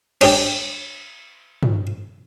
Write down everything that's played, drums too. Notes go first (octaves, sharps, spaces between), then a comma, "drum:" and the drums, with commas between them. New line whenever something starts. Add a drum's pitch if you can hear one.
C#4 D4 G4 C#5 D5, drum: cymbal
drum: tom